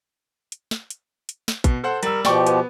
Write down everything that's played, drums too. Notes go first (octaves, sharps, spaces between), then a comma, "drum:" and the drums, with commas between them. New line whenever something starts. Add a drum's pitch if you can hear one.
drum: hi-hat
drum: snare
drum: hi-hat
drum: hi-hat
drum: snare
B2, drum: kick, hi-hat
A4 C5 F#5
G3 A#4 E6, drum: hi-hat
B2 F3 G4 D5 G5 C#6, drum: snare
B3, drum: hi-hat